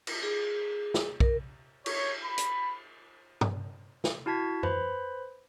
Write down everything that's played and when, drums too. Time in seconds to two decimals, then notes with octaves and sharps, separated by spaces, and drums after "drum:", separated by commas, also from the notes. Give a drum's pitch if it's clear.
0.07 drum: cymbal
0.23 G#4
0.94 drum: snare
1.20 A#4, drum: kick B1
1.86 C#5, drum: cymbal
2.23 B5
2.38 drum: hi-hat
3.41 drum: tom G2
4.04 drum: snare
4.26 E4 F#4 A5 G#6 B6
4.63 B4 C5 B5, drum: tom F#2